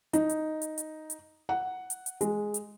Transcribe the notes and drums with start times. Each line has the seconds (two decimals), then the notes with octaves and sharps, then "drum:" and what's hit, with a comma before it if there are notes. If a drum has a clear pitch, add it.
0.13 D#4, drum: hi-hat
0.29 drum: hi-hat
0.62 drum: hi-hat
0.78 drum: hi-hat
1.10 drum: hi-hat
1.49 F#5
1.90 drum: hi-hat
2.06 drum: hi-hat
2.21 G#3, drum: hi-hat
2.54 drum: hi-hat